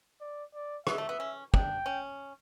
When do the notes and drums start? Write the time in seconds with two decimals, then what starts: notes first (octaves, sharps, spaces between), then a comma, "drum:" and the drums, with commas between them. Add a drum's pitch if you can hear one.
0.21 D5
0.54 D5
0.87 B3 E5, drum: rim click
0.98 A3
1.09 B3
1.20 C#4
1.54 D4 G5, drum: kick
1.86 C#4